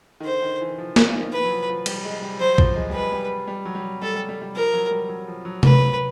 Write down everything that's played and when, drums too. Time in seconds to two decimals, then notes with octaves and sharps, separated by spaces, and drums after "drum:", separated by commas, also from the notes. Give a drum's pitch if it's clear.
0.20 D#3
0.25 D3 C5
0.42 D#3
0.61 E3
0.78 F3
0.96 F3, drum: snare
1.14 D#3
1.32 E3 B4
1.45 F#3
1.51 F3
1.69 F3
1.86 G3, drum: cymbal
2.05 G#3
2.22 G3
2.40 F#3 C5
2.58 F3, drum: kick B1
2.76 G#3
2.90 G3
2.94 G#3 B4
3.12 G3
3.48 G3
3.66 F#3
3.75 G3
4.02 G3 A4
4.15 G3
4.29 G3
4.42 G3
4.55 F3 A#4
4.74 F#3
4.91 G3
5.09 F#3
5.27 F3
5.45 F#3
5.63 B4, drum: tom